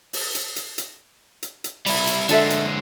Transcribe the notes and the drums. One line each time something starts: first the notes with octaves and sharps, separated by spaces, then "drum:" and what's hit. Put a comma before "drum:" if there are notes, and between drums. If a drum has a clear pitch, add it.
drum: open hi-hat
drum: hi-hat
drum: hi-hat
drum: hi-hat
drum: hi-hat
drum: hi-hat
G3 E4, drum: open hi-hat
drum: hi-hat
D3 G#3 D4 A4 E5, drum: hi-hat
drum: hi-hat